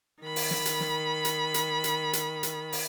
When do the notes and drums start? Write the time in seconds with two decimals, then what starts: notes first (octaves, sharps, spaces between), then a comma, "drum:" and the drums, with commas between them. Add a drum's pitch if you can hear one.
0.21 D#3 B5
0.36 drum: open hi-hat
0.51 drum: snare
0.66 drum: hi-hat
0.80 drum: snare
1.25 drum: hi-hat
1.54 drum: hi-hat
1.84 drum: hi-hat
2.13 drum: hi-hat
2.43 drum: hi-hat
2.72 drum: open hi-hat